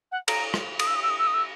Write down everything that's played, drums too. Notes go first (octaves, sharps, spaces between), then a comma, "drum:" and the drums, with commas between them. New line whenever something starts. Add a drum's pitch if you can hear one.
F#5
A#5, drum: cymbal
drum: rim click
D#6, drum: cymbal
E6
D#6
E6
D#6
E6
D#6
E6